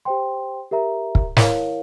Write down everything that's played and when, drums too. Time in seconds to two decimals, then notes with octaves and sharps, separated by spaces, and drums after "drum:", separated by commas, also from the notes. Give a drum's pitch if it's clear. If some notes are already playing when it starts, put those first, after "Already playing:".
0.05 G4 C5 G5 C6
0.71 G4 A#4 E5 A#5
1.15 drum: kick
1.37 E4 A#4 C#5 F5, drum: snare